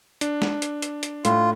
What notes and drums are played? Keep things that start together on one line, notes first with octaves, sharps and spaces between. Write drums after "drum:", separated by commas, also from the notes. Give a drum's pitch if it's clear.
D4, drum: hi-hat
drum: snare G#3
drum: hi-hat
drum: hi-hat
drum: hi-hat
A2 F4, drum: hi-hat